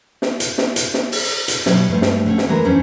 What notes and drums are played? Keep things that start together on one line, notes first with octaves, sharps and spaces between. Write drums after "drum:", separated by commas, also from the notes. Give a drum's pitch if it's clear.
drum: snare
drum: hi-hat
drum: snare
drum: hi-hat
drum: snare
drum: open hi-hat
drum: hi-hat
B2 F#3, drum: snare
G2 F3 A3
drum: snare
D3 A3 C#4
drum: snare
E3 G#3 A#4
F2 C#4 D4 E4 C5